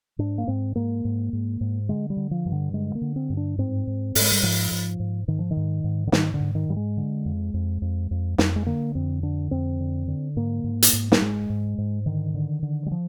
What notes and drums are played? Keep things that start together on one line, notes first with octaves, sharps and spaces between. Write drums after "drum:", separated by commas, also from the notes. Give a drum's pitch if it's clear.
G#2 D4
A#3
G#2 C4
G#2 A#3
G#2
G#2
G#2
D3 G#3
G3
D3
F3
G2
D3
D3 G#3
A#3
D3
C4
G2
D4
G#2 C4
G#2
G#2, drum: open hi-hat
G#3
G3
G#2 F3
G#2
G#2
G#2 D#3
F3
D#3
G#2
G#2
D3
G#2 D#3, drum: snare
D3
G#2
D#3
G#2 G3
G#3
D3
F2
F2
F2
F2
F2, drum: snare
G#3
D3 A#3
F2 C4
D3 D4
F2 C4
D3
D3
G#2 A#3
G#2
drum: hi-hat
G#2
A#3, drum: snare
G#2 G#3
G#2
G#2
D3 D#3
D3
D3
G3
F3